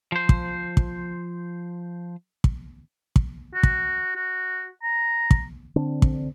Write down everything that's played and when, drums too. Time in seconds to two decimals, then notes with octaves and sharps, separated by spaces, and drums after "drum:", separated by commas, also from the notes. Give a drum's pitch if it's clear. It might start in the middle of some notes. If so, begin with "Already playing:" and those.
0.12 F3 C5
0.29 drum: kick
0.77 drum: kick
2.44 drum: kick
3.16 drum: kick
3.54 F#4
3.63 drum: kick
4.15 F#4
4.83 A#5
5.31 drum: kick
5.76 D3 C4 D4
6.02 drum: kick